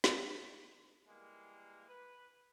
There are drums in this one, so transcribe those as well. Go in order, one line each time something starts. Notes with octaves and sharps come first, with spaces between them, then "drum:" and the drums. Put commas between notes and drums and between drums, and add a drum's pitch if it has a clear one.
drum: snare
E3 G3 G#3 A#3
B4